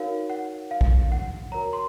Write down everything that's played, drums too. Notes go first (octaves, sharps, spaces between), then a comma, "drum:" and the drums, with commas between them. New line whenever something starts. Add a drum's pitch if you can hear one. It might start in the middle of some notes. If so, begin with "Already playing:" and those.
Already playing: D#4 F#4 A#4 C#5 F5
F#5
F5
drum: kick A#1
F#5
F#4 A#4 C#5 A#5
C6